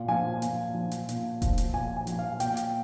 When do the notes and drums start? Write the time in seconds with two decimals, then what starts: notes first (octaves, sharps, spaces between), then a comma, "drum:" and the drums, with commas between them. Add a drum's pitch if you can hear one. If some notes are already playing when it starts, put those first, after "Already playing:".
Already playing: A#2
0.08 F3 G#5
0.42 A#2, drum: hi-hat
0.75 F3
0.91 drum: hi-hat
1.09 A#2, drum: hi-hat
1.42 F3, drum: kick E1, hi-hat
1.58 drum: hi-hat
1.74 A#2 G#5
1.97 G#5
2.07 F3, drum: hi-hat
2.19 F5
2.40 A#2 G5, drum: hi-hat
2.57 drum: hi-hat